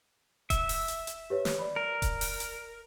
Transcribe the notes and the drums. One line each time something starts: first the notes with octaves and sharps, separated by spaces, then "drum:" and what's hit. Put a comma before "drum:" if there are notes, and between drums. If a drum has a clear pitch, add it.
E5, drum: kick D#1, hi-hat
drum: open hi-hat
drum: hi-hat
drum: hi-hat
G4 B4 C#5
drum: snare
D5 B5
A#4
drum: kick D#1, hi-hat
drum: open hi-hat
drum: hi-hat